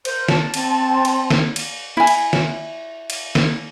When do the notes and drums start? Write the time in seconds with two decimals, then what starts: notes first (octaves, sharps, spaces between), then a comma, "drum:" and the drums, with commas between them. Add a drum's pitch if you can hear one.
0.05 A#4 C5, drum: cymbal
0.28 A5, drum: snare
0.54 C4, drum: cymbal
1.05 drum: cymbal
1.30 drum: snare
1.56 drum: cymbal
1.97 E4 G#5
2.07 drum: cymbal
2.33 drum: snare
3.10 drum: cymbal
3.35 drum: snare